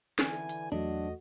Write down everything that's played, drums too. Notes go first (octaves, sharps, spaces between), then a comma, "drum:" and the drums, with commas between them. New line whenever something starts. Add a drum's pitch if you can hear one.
D3 E3 G#5, drum: snare
drum: hi-hat
E2 F#3 A3 D4 F#4 D#5